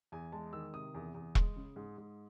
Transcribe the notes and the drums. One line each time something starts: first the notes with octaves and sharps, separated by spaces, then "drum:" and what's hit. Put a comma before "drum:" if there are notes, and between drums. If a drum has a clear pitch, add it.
E2 G#5
G#3 A5
D#3 E6
C3 D#6
E2
E2
G#3, drum: kick E1
C#3
G#2
G#2